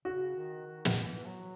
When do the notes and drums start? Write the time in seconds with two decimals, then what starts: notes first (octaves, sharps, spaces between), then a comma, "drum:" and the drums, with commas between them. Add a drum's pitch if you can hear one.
0.05 C#3 F#4
0.36 D#3
0.66 D#3
0.85 drum: snare
0.97 E3
1.26 F#3